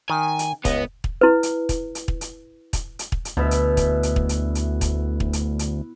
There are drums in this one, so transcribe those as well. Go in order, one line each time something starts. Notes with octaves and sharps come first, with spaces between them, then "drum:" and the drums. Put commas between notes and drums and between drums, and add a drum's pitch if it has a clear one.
D#3 G#5
drum: hi-hat
C#2 B3 D#5, drum: kick, hi-hat
drum: kick
E4 B4
drum: hi-hat
drum: kick, hi-hat
drum: hi-hat
drum: kick
drum: hi-hat
drum: kick, hi-hat
drum: hi-hat
drum: kick
drum: hi-hat
D2 B2 E4 E5
drum: hi-hat
drum: kick, hi-hat
drum: hi-hat
drum: kick
drum: hi-hat
drum: hi-hat
drum: kick, hi-hat
drum: kick
drum: hi-hat
drum: hi-hat